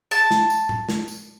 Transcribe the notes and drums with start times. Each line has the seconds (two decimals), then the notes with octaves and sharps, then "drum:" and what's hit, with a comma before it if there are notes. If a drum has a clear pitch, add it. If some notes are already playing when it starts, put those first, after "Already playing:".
0.11 A5, drum: tambourine
0.31 drum: snare
0.50 drum: tambourine
0.69 drum: tom A2
0.89 drum: snare
1.08 drum: tambourine